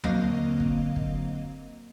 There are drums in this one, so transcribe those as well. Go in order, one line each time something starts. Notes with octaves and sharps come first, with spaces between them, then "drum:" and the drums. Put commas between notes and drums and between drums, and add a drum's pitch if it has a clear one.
D3 F#3 A#3 C4 D#5 F5, drum: tom D#2
drum: kick
drum: kick